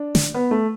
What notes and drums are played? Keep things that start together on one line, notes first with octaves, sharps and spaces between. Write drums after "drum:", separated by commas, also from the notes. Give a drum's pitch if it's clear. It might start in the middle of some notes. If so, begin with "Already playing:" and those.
Already playing: D4
drum: snare
B3
A3